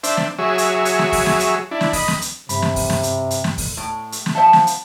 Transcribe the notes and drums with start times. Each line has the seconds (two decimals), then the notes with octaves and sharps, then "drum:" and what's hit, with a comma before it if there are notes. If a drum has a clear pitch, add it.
0.03 D4 C5 E5, drum: hi-hat
0.17 drum: snare
0.39 F#3 G#4 C#5 E5
0.58 drum: hi-hat
0.85 drum: hi-hat
0.99 drum: snare
1.13 drum: kick D#2, open hi-hat
1.26 drum: snare
1.40 drum: hi-hat
1.71 D4 E4
1.81 drum: snare
1.93 D#5 B5, drum: kick D#2, open hi-hat
2.08 drum: snare
2.22 drum: hi-hat
2.49 G2 C3 B5, drum: hi-hat
2.62 drum: snare
2.76 drum: kick D#2, open hi-hat
2.90 drum: snare
3.03 drum: hi-hat
3.31 drum: hi-hat
3.44 drum: snare
3.58 drum: kick D#2, open hi-hat
3.77 A2
4.12 drum: hi-hat
4.26 drum: snare
4.35 F3 C5 E5 F#5 A5
4.53 drum: snare
4.67 drum: hi-hat